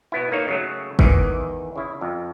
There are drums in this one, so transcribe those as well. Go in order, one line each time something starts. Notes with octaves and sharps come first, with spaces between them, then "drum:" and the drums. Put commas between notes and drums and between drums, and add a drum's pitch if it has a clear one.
B2 B3 E4
A#3 D#4 C#5
C#3 F#3 A3
E2 D#3 E3, drum: kick
C#3 E4
F2